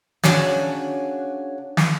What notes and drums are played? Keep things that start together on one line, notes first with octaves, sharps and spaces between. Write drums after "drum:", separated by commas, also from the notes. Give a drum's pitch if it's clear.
C#3 D4 F#4 C#5 G#5, drum: snare
drum: snare